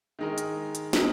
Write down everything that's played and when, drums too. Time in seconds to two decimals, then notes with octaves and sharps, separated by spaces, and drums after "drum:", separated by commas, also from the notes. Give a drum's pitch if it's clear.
0.19 D#3 G#3 D#4 A#4
0.38 drum: hi-hat
0.75 drum: hi-hat
0.93 C4 D#4 A#4 D#5, drum: snare